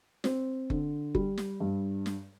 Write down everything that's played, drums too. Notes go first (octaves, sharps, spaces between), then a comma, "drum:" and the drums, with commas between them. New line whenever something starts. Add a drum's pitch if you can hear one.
C4, drum: snare
D3, drum: kick F#1
G3, drum: kick F#1
drum: snare
G2
drum: snare